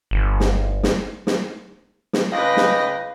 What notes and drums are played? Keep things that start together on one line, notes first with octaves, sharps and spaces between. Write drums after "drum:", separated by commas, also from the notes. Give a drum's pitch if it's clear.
G1
drum: snare
drum: snare
drum: snare
drum: snare
C#2 B4 D#5 F5 G5 A#6
drum: snare